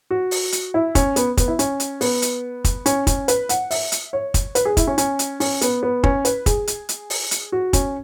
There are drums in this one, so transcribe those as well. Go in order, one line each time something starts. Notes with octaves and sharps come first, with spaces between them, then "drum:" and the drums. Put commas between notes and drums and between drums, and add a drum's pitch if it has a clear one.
F#4
drum: open hi-hat
drum: hi-hat
E4
C#4, drum: kick, hi-hat
B3, drum: hi-hat
B3, drum: kick, hi-hat
E4
C#4, drum: hi-hat
drum: hi-hat
B3, drum: open hi-hat
drum: hi-hat
drum: kick, hi-hat
C#4, drum: hi-hat
C#4, drum: kick, hi-hat
B4, drum: hi-hat
F#5, drum: hi-hat
E5, drum: open hi-hat
drum: hi-hat
C#5
drum: kick, hi-hat
B4, drum: hi-hat
G#4
E4, drum: kick, hi-hat
C#4
C#4, drum: hi-hat
drum: hi-hat
C#4, drum: open hi-hat
B3, drum: hi-hat
B3
C#4, drum: kick
B4, drum: hi-hat
G#4, drum: kick, hi-hat
drum: hi-hat
drum: hi-hat
drum: open hi-hat
drum: hi-hat
F#4
C#4, drum: kick, hi-hat